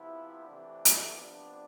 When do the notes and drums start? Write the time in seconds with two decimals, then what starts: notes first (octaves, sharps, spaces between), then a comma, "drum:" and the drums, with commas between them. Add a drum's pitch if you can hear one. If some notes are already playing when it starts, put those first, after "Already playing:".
Already playing: C3 F3 B3 E4
0.44 C3 E3 A3 D4
0.85 drum: hi-hat
1.10 C3 F3 B3 D4